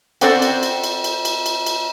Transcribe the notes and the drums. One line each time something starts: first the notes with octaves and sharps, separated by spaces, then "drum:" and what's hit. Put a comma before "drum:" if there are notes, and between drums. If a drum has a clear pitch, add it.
C4 A4 C5 D5 F#5 G5, drum: cymbal
drum: cymbal
drum: cymbal
drum: cymbal
drum: cymbal
drum: cymbal
drum: cymbal
drum: cymbal